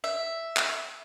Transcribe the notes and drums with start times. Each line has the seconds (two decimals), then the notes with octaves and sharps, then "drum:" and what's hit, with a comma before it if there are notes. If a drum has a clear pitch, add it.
0.04 E5
0.57 drum: clap